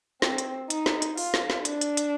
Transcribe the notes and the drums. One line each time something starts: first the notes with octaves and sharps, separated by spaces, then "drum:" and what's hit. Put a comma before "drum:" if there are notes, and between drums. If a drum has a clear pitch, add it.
C4, drum: snare
drum: hi-hat
D#4, drum: hi-hat
drum: snare
drum: hi-hat
F4, drum: open hi-hat
drum: snare
drum: snare
D4, drum: hi-hat
drum: hi-hat
drum: hi-hat